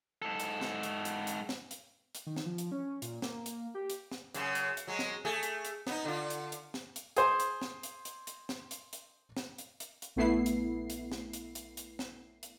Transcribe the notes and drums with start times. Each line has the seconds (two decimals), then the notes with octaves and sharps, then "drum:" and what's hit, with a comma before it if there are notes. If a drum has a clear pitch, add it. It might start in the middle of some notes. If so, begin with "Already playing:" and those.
0.22 G#2 A4
0.40 drum: hi-hat
0.61 drum: snare
0.83 drum: hi-hat
1.05 drum: hi-hat
1.27 drum: hi-hat
1.49 drum: snare
1.71 drum: hi-hat
2.15 drum: hi-hat
2.26 D#3
2.36 drum: snare
2.46 F3
2.58 drum: hi-hat
2.72 C#4
3.02 A#2, drum: hi-hat
3.22 A#3, drum: snare
3.46 drum: hi-hat
3.75 G4
3.90 drum: hi-hat
4.11 drum: snare
4.34 F#2 C#3, drum: hi-hat
4.55 drum: hi-hat
4.77 drum: hi-hat
4.87 F#3 G#3
4.99 drum: snare
5.25 A3 G#4
5.43 drum: hi-hat
5.65 drum: hi-hat
5.87 B3 D#4, drum: snare
6.05 D3 F4
6.30 drum: hi-hat
6.52 drum: hi-hat
6.74 drum: snare
6.96 drum: hi-hat
7.17 G#4 C5 C6, drum: hi-hat
7.40 drum: hi-hat
7.62 drum: snare
7.83 drum: hi-hat
8.05 drum: hi-hat
8.27 drum: hi-hat
8.49 drum: snare
8.71 drum: hi-hat
8.93 drum: hi-hat
9.37 drum: snare
9.58 drum: hi-hat
9.80 drum: hi-hat
10.02 drum: hi-hat
10.16 A#1 A3 B3 E4 C7
10.46 drum: hi-hat
10.90 drum: hi-hat
11.12 drum: snare
11.33 drum: hi-hat
11.55 drum: hi-hat
11.77 drum: hi-hat
11.99 drum: snare
12.43 drum: hi-hat